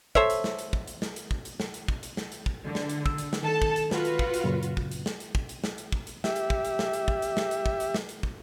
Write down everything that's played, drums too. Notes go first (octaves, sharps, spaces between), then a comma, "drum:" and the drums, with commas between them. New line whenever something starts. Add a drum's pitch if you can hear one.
A4 C5 C#5 E5, drum: kick
drum: hi-hat
drum: snare
drum: hi-hat
drum: kick
drum: hi-hat
drum: snare
drum: hi-hat
drum: kick
drum: hi-hat
drum: snare
drum: hi-hat
drum: kick
drum: hi-hat
drum: snare
drum: hi-hat
drum: kick
D3
drum: snare
drum: hi-hat
E6, drum: kick
drum: hi-hat
drum: snare
D#3 A4 A5
drum: kick
drum: hi-hat
F4 F#4 B4, drum: snare
drum: hi-hat
drum: kick
drum: hi-hat
F#2 A#2 C#3
drum: hi-hat
drum: kick
drum: hi-hat
drum: snare
drum: hi-hat
drum: kick
drum: hi-hat
drum: snare
drum: hi-hat
drum: kick
drum: hi-hat
G4 E5, drum: snare
drum: hi-hat
drum: kick
drum: hi-hat
drum: snare
drum: hi-hat
drum: kick
drum: hi-hat
drum: snare
drum: hi-hat
drum: kick
drum: hi-hat
drum: snare
drum: hi-hat
drum: kick